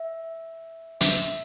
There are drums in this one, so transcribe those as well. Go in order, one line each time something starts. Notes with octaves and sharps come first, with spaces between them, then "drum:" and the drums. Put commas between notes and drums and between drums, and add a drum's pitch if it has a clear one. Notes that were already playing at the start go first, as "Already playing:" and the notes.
Already playing: E5
E5, drum: hi-hat